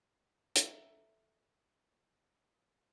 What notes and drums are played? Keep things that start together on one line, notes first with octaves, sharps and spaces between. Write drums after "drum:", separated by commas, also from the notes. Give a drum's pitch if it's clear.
A4 E5 A#5, drum: hi-hat